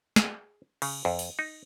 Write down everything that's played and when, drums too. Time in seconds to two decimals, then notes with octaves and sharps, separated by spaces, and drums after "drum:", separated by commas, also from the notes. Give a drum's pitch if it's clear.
0.16 G#4, drum: snare
0.82 C#3, drum: cymbal
1.05 F2
1.19 drum: open hi-hat
1.39 D#4